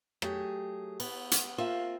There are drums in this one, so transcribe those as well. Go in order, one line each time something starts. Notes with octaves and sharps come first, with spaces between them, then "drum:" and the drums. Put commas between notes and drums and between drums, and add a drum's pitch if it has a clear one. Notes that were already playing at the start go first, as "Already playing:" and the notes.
F#3 A3 G4 G#4, drum: rim click
B3 E4, drum: cymbal
drum: hi-hat
A#3 C4 F4 E5